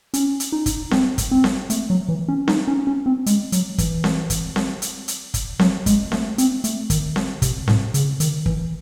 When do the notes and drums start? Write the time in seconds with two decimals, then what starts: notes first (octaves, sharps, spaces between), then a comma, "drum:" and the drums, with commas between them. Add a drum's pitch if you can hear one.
0.14 C#4, drum: hi-hat
0.40 drum: hi-hat
0.52 D#4
0.66 drum: kick, hi-hat
0.91 C4, drum: snare C4
1.18 drum: kick, hi-hat
1.31 C4
1.44 drum: snare C4
1.70 A3, drum: hi-hat
1.90 F#3
2.09 E3
2.28 C#4
2.48 D#4, drum: snare C4
2.68 C#4
2.87 C#4
3.06 C4
3.26 G#3, drum: hi-hat
3.52 F#3, drum: hi-hat
3.78 E3, drum: kick, hi-hat
4.04 drum: snare C4
4.30 drum: kick, hi-hat
4.56 drum: snare C4
4.82 drum: hi-hat
5.08 drum: hi-hat
5.34 drum: kick, hi-hat
5.59 F#3, drum: snare C4
5.86 G#3, drum: kick, hi-hat
6.12 A3, drum: snare C4
6.38 C4, drum: hi-hat
6.64 A3, drum: hi-hat
6.90 D#3, drum: kick, hi-hat
7.16 drum: snare C4
7.42 C3, drum: kick, hi-hat
7.68 A2, drum: snare C4
7.94 C#3, drum: hi-hat
8.20 D#3, drum: hi-hat
8.46 E3, drum: kick